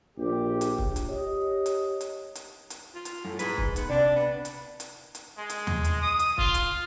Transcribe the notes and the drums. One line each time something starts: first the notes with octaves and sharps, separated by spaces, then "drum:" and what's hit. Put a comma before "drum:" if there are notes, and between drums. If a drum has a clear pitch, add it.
A#1 G4
drum: hi-hat
drum: kick C#1
drum: hi-hat
G4 C#5 D#5
drum: hi-hat
drum: hi-hat
drum: hi-hat
drum: hi-hat
F4
drum: hi-hat
F#2 A2
G#2 D#4 G#4 B4, drum: hi-hat
drum: kick C#1
B3, drum: hi-hat
C3 D4 D5
B3
drum: hi-hat
drum: hi-hat
drum: hi-hat
G#3
drum: hi-hat
drum: tom D#2
drum: hi-hat
D#6
drum: hi-hat
F4, drum: kick C#1
drum: hi-hat